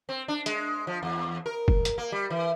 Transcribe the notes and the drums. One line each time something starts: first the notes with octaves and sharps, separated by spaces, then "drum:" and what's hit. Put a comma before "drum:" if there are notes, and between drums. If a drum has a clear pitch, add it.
C4
D4
G#3, drum: hi-hat
F3
E2
A#4
drum: kick F#1
drum: hi-hat
A#3
G3
E3